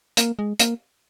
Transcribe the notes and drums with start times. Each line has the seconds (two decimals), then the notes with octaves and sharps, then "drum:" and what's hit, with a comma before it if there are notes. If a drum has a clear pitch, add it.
0.17 A#3, drum: hi-hat
0.39 G#3
0.60 A#3, drum: hi-hat